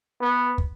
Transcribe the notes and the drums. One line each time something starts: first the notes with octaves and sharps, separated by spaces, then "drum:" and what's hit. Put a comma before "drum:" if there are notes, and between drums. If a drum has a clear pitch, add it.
B3
drum: kick